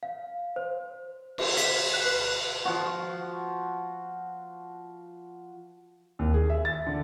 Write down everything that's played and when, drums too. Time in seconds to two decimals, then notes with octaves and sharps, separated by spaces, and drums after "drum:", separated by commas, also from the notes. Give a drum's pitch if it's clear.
0.03 F5
0.56 C5
1.38 drum: cymbal
1.57 B6, drum: hi-hat
1.93 F#6
2.05 B4
2.65 F3 F#4
6.19 D#2
6.34 G#4
6.50 E5
6.65 A6
6.87 D3